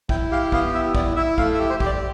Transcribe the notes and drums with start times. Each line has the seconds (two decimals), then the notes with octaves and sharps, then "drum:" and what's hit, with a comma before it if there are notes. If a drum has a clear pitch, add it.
0.09 E4 G5, drum: kick
0.31 G4 F5
0.52 B3 F5, drum: kick
0.73 E4 E5
0.95 E4 D5, drum: kick
1.16 E4 E5
1.38 A3 F5, drum: kick
1.54 E5
1.59 G4
1.70 C5
1.80 G4, drum: kick
1.86 D5